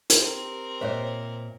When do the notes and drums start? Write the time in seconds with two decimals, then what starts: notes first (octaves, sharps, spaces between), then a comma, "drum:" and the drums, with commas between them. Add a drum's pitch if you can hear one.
0.10 drum: hi-hat
0.19 C4 G4 A#4
0.81 A#2 C5 C#5 D#5 E5